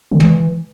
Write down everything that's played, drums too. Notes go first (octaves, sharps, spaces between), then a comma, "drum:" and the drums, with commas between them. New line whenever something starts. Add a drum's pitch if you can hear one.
D3
E3, drum: tom